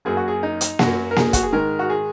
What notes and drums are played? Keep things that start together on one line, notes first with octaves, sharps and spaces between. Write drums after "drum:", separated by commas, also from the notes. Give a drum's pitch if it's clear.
F#2 F#3 A#3 G#4
F#4
G#4
D#4
drum: hi-hat
F#2 F#3 A#3 F#4, drum: snare A#3
A#4
G#4, drum: snare A#3
F#4, drum: kick, hi-hat
G#4
G#2 D#3 G#3 A#4
F#4
G#4